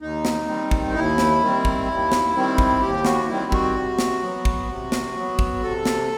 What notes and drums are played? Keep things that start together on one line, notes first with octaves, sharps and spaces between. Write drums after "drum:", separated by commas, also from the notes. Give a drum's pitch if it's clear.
D#2 D#4
drum: snare
D#3 G3 C4
drum: kick
D#2 E4
drum: snare
D#3 G3 C4
drum: kick
D#2
drum: snare
D#3 G3 C4
drum: kick
D#2 G4
F#4, drum: snare
D#3 G3 C4 E4
F#4, drum: kick
C3
drum: snare
F#3 B3
drum: kick
C3
drum: snare
F#3 B3
drum: kick
C3 A4
drum: snare